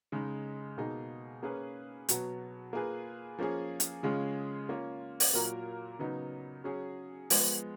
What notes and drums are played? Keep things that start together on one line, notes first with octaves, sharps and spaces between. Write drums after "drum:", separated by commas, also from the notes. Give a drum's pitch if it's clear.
C#3 G#3 D#4
B2 A#3 D#4 G#4
A#3 C#4 G#4 B4
B2 F#3 B3, drum: hi-hat
A#3 F4 G#4 B4
F3 A#3 C#4 G#4
drum: hi-hat
C#3 G#3 C#4 F4 G#4
A#3 C#4 F4
drum: open hi-hat
A#2 F#3 A#3 F4 A#4
C#3 F#3 B3 D#4
F#3 C#4 G#4
F3 G#3 B3, drum: open hi-hat